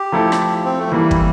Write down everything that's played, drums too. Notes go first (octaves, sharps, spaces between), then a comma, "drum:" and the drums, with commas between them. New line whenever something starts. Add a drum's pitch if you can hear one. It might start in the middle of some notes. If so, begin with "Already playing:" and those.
Already playing: G4
F3 A3 E4 A4
drum: rim click
C4
A3
F3
E3 G3 A#3 E4
drum: kick